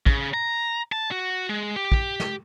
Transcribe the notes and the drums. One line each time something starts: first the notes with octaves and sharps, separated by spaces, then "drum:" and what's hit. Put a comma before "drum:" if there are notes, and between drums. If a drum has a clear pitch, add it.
C#3, drum: kick
A#5
A5
F#4
G#3
G4
drum: kick
drum: snare